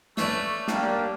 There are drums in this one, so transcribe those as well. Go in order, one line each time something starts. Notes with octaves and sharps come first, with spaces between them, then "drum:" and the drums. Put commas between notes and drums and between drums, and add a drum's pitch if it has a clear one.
A3 C#4 B4 D5, drum: snare
G3 A#3 D4, drum: snare